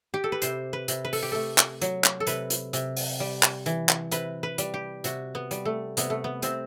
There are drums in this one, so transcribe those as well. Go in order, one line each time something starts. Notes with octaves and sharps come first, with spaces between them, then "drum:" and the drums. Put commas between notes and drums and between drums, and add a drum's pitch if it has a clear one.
G4
A4
B4
C3 C5, drum: hi-hat
B4
C3, drum: hi-hat
B4
A4, drum: open hi-hat
G4
A3 A4
drum: clap
F#3, drum: hi-hat
drum: clap
A4
C3 B4, drum: hi-hat
drum: hi-hat
C3, drum: hi-hat
drum: open hi-hat
G3
drum: clap
E3, drum: hi-hat
drum: clap
C3 B4, drum: hi-hat
B4
G3, drum: hi-hat
G4
C3 F#4, drum: hi-hat
B3
G3, drum: hi-hat
A3
C3 B3, drum: hi-hat
A3
B3
C3 C4, drum: hi-hat